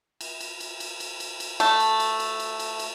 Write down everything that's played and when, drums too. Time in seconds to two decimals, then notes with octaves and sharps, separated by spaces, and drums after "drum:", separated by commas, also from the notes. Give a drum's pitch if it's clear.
0.21 drum: cymbal
0.40 drum: cymbal
0.60 drum: cymbal
0.80 drum: cymbal
1.00 drum: cymbal
1.20 drum: cymbal
1.40 drum: cymbal
1.60 A3, drum: cymbal
1.80 drum: cymbal
2.00 drum: cymbal
2.20 drum: cymbal
2.40 drum: cymbal
2.60 drum: cymbal
2.79 drum: cymbal